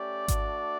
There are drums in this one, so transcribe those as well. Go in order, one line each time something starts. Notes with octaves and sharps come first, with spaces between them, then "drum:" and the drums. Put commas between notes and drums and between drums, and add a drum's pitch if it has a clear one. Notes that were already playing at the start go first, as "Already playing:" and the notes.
Already playing: A3 C#4 G4 D5
A3 D4 F#4, drum: kick G#1, hi-hat